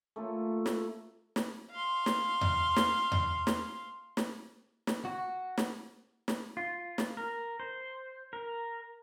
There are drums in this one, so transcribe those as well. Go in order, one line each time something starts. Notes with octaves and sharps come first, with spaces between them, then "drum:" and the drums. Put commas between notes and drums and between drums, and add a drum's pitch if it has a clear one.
A3 A#3 F4 A4
drum: snare
drum: snare
F5 C6
drum: snare
drum: tom E2
drum: snare
drum: tom E2
drum: snare
drum: snare
drum: snare
F#4
drum: snare
drum: snare
F4
drum: snare
A#4
C5
A#4